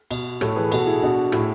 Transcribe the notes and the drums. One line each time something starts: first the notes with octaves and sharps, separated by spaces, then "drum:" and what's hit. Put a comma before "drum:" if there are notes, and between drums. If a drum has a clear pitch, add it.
B2, drum: cymbal
A2 A4 C#5, drum: rim click
E3 G#4 B4
B2 F#4 A4, drum: cymbal
E4 G#4
B2 D4 F#4
A2 E4 G#4, drum: rim click